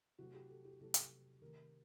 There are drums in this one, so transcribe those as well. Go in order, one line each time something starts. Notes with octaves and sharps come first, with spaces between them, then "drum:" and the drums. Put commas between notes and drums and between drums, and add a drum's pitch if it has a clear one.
C3 F#3 A3 F#4
G4
A4
G4
C3 F#3 A3 A4
drum: hi-hat
C3 D#3 A3 A#4